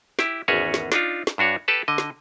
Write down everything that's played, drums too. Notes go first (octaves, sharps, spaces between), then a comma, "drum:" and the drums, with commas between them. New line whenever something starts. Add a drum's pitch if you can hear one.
E4 G4, drum: snare
G#1 E2 C#4 F#4 G#4 C#5
drum: snare
D4 D#4 F4, drum: snare
drum: snare
G2 D4 F#4 C#5
G4 A4 B4 A5
D3 D#5
drum: snare